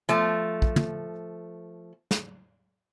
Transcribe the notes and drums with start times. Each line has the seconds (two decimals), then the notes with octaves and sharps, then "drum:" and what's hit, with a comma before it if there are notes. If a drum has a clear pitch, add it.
0.09 F3 A3, drum: hi-hat
0.62 drum: kick
0.76 drum: tom
2.11 drum: snare